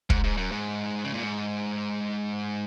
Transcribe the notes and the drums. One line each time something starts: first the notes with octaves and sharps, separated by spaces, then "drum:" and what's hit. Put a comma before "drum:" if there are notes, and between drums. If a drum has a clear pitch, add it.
G#2, drum: kick
G#2
F#2
G#2
C#3
A#2
G#2